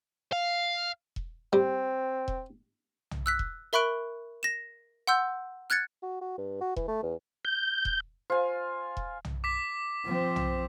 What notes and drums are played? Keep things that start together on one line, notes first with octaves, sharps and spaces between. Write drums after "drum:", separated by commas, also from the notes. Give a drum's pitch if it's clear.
F5
drum: kick E1
G3 C4
drum: kick E1
drum: tom B1
E6 F#6 B6
drum: kick E1
A#4 E5 B5 C#6 F#6 D7
A#6 E7
F#5 C6 E6 G6
F6 F#6 G#6 A6 C#7
F#4
F#4
G2
F#4
E3, drum: kick E1
A3
E2
G6
drum: kick E1
F4 C5 G#5
drum: kick E1
drum: tom B1
D6 B6
F3 C4
drum: tom B1